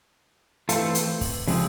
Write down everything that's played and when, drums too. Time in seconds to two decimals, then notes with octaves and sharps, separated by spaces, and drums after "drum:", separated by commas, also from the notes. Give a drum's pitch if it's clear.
0.69 E3 A3 C4 F4 A4, drum: hi-hat
0.95 drum: hi-hat
1.21 drum: kick, open hi-hat
1.48 C#3 F3 G#3 C4, drum: open hi-hat